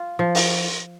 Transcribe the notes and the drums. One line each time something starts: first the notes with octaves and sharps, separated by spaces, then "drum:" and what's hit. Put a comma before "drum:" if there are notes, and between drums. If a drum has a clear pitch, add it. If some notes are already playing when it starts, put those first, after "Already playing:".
Already playing: F4
F3
drum: open hi-hat